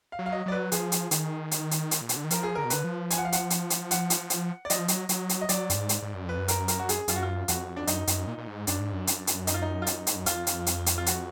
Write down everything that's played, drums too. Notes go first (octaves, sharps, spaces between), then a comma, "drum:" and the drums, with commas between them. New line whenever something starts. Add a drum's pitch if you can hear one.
F5
F#3
F5
D#5
F#3 D5
B4
F3 G#4, drum: hi-hat
drum: hi-hat
D#3, drum: hi-hat
drum: hi-hat
drum: hi-hat
drum: hi-hat
A#2
B2, drum: hi-hat
D3
D#3
F3 A#4, drum: hi-hat
G#4
D3 A#4
B2
D3 B4, drum: hi-hat
F3
G#5, drum: hi-hat
F#5
F5
F#5, drum: hi-hat
drum: hi-hat
drum: hi-hat
F#5, drum: hi-hat
drum: hi-hat
drum: hi-hat
D5
F#3 D#5, drum: hi-hat
F3
F#3, drum: hi-hat
F#3, drum: hi-hat
drum: hi-hat
D#5
F#3 D5, drum: hi-hat
F#2, drum: hi-hat
G#2
drum: hi-hat
G#2
F#2
F2 B4
F#2
A#4, drum: hi-hat
A#4, drum: hi-hat
F#4
G#4, drum: hi-hat
F#2 F4, drum: hi-hat
F#4
F4
F2 F#4, drum: hi-hat
D4
F#2 D#4, drum: hi-hat
F#2, drum: hi-hat
A#2
A#2
G#2
F#2 D4, drum: hi-hat
G#2
F#2
drum: hi-hat
drum: hi-hat
D#4, drum: hi-hat
F4
D#4
F4
D#4, drum: hi-hat
G#2, drum: hi-hat
F#2
F2 F4, drum: hi-hat
drum: hi-hat
drum: hi-hat
drum: hi-hat
F4
F#4, drum: hi-hat